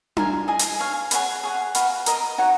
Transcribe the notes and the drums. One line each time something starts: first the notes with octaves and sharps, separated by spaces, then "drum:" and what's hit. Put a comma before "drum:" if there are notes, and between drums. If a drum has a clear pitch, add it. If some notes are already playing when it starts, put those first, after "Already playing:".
F4 A#4 F5 G#5, drum: tom D4
G#4 D#5 G#5 D#6
drum: hi-hat
G#4 C#5 F5 G#5
G#4 C#5 F#5 B5, drum: hi-hat
G#4 C#5 F#5
F#4 B4 F5 B5, drum: hi-hat
A#4 D#5 A#5 D#6, drum: hi-hat
D#4 F#4 C#5 F#5